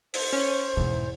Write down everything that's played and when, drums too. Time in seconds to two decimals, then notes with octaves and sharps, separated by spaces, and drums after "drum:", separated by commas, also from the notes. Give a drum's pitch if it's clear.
0.14 C5, drum: open hi-hat
0.33 C#4
0.77 E2 G#2 B2